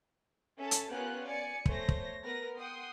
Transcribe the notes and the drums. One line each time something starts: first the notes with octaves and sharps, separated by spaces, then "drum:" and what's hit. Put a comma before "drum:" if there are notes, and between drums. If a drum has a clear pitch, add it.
C#4 A4 E5 A5
drum: hi-hat
B3 C#4 F4 G4 A#4 F#6
D5 G#5 C#7
A3 C5 C#5 A#6, drum: kick
drum: kick
B3 A#4 B4 A#6
F#5 G5 C6 D#6